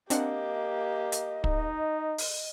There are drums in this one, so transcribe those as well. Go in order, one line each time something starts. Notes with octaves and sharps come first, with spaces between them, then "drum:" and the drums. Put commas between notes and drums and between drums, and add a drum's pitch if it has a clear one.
A#3 C4 D4 G4 D#5 F#5, drum: hi-hat
drum: hi-hat
D#4, drum: kick
drum: open hi-hat